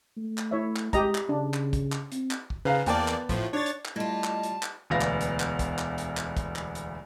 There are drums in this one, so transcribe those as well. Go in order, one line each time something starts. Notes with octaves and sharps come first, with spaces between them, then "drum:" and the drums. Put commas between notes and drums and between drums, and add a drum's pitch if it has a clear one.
A3
drum: clap
E4 C#5 E5
drum: clap
G#3 G4 D#5 A#5, drum: kick, hi-hat
drum: clap
C#3 D4
drum: clap
drum: kick, hi-hat
drum: clap
C4, drum: hi-hat
drum: clap
drum: kick
C#3 B4 F5 A#5
E2 A#3 B3 D5 G5 A5, drum: hi-hat
drum: clap
A2 F3, drum: kick, hi-hat
D4 C#5 A6
drum: hi-hat
drum: clap
G3 A3 E4 F4 D#5 A5 G#6
drum: clap
drum: hi-hat
drum: clap
E1 D2 B3 F5 A#6
drum: clap
drum: hi-hat
drum: clap
drum: kick, hi-hat
drum: clap
drum: hi-hat
drum: clap
drum: kick, hi-hat
drum: clap
drum: hi-hat